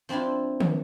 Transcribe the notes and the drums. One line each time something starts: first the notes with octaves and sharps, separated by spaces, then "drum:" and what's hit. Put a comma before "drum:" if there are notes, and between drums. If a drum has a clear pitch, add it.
F3 C4 D4 E4 F4
drum: tom D#3